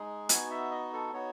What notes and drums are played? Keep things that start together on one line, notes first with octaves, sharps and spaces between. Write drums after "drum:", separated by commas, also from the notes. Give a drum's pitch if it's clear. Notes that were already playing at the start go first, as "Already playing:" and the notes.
Already playing: G#3 D#4 G#4
B3 D#4 F#4 G#5, drum: hi-hat
E5
D#5
A4
B3 D#4 F#4 C#5